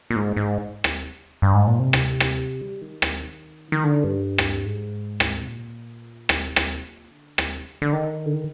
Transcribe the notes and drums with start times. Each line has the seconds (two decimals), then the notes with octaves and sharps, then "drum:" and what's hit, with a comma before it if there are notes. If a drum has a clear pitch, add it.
0.11 A#2
0.16 G#2
0.36 G#2
0.84 drum: rim click
1.42 G2
1.55 G#2
1.67 A#2
1.79 C3
1.93 drum: rim click
2.20 drum: rim click
2.61 G3
2.82 D#3
3.02 drum: rim click
3.72 D#3
3.84 D3
4.04 G2
4.38 drum: rim click
4.66 G#2
5.20 drum: rim click
5.42 C3
5.47 A#2
6.29 drum: rim click
6.56 drum: rim click
7.11 D3
7.38 drum: rim click
7.82 D3
7.93 D#3
8.26 D3
8.33 D#3